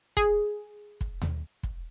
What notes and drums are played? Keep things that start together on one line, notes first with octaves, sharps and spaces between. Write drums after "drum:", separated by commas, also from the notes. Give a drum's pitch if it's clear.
G#4, drum: kick
drum: kick
drum: tom D#2
drum: kick